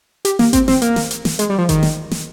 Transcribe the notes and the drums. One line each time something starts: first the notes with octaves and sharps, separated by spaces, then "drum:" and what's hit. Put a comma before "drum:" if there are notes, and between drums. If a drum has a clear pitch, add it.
G4, drum: hi-hat
A#3, drum: snare
C4, drum: kick G#1, hi-hat
C4, drum: snare
A#3, drum: hi-hat
drum: snare
drum: hi-hat
drum: snare
G#3, drum: hi-hat
G3
F3
D#3, drum: kick G#1, hi-hat
drum: snare
drum: snare